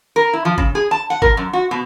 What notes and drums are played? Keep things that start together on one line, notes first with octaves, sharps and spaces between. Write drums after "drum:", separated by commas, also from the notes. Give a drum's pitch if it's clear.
A#4
E4
F3
C#3, drum: kick
G#4
A5
F#5
A#4, drum: kick
F#2
F#4
B2